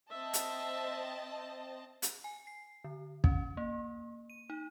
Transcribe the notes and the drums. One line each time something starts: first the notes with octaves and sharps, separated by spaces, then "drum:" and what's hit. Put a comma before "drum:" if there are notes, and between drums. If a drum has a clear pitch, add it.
C4 D#5 E5 A5
drum: hi-hat
drum: hi-hat
G#5
C7
D3
C#4, drum: kick
A#3
D#7
D#4